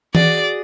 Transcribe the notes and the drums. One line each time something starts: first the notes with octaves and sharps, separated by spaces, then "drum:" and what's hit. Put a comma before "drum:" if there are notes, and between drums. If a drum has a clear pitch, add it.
F#4 G#4 D5, drum: tom E3